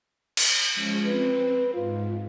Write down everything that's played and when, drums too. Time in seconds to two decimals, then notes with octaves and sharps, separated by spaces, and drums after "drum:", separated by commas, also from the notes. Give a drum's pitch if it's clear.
0.37 drum: cymbal
0.73 F3 G#3 C#4
1.05 C4 B4
1.74 G#2 F4